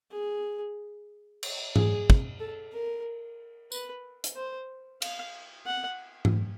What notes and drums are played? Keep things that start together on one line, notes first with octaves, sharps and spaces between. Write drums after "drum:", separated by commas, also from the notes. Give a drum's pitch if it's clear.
G#4
drum: cymbal
G#4, drum: tom G#2
drum: kick
A4
A#4
B4, drum: tambourine
drum: hi-hat
C5
F5, drum: cymbal
F#5
drum: tom G#2